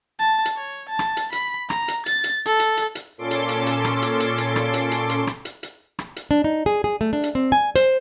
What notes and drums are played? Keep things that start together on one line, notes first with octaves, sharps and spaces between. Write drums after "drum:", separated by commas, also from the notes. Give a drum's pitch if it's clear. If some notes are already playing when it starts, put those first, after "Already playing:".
A5
drum: hi-hat
C#5
A5
drum: rim click
drum: hi-hat
B5, drum: hi-hat
A#5, drum: rim click
drum: hi-hat
A6, drum: hi-hat
drum: hi-hat
A4
drum: hi-hat
drum: hi-hat
drum: hi-hat
A#2 C#4 A4 C6 D6
drum: hi-hat
drum: hi-hat
drum: hi-hat
drum: rim click
drum: hi-hat
drum: hi-hat
drum: hi-hat
drum: rim click
drum: hi-hat
drum: hi-hat
drum: hi-hat
drum: rim click
drum: hi-hat
drum: hi-hat
drum: rim click
drum: hi-hat
D4
D#4
G#4
G#4
A3
D4
drum: hi-hat
C4
G#5
C5, drum: hi-hat